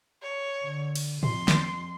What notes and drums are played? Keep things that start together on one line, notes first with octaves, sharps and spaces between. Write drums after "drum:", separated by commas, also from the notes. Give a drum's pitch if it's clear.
C#5
D3
drum: cymbal
F2 C6, drum: tom A2
drum: snare